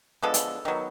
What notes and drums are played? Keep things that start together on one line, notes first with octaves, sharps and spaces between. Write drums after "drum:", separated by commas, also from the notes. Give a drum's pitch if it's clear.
D3 F3 G#3 B3 A4
drum: hi-hat
D#3 F#3 B3